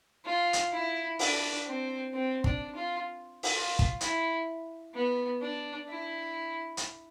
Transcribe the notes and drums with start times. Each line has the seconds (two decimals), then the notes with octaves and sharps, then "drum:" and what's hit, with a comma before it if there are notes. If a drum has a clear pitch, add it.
0.25 F4
0.53 drum: hi-hat
0.72 E4
1.19 D4, drum: open hi-hat
1.66 C4
2.13 C4
2.44 D4, drum: kick
2.76 F4
3.43 drum: open hi-hat
3.54 F4
3.79 drum: kick
4.01 E4, drum: hi-hat
4.94 B3
5.41 D4
5.88 E4
6.77 drum: hi-hat